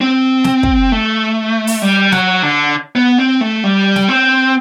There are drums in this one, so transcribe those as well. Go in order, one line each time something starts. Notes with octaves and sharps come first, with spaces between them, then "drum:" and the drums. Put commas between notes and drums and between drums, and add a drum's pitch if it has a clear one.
C4
drum: snare
drum: kick
A3
drum: open hi-hat
G3
F#3, drum: snare
D3
B3
C4
A3
G3
drum: snare
C4